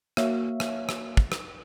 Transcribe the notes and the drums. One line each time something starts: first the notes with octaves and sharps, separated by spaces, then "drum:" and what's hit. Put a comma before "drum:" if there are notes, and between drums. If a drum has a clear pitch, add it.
A#3 F#4 C#5 E5 F5, drum: rim click
drum: rim click
drum: rim click
drum: kick
drum: rim click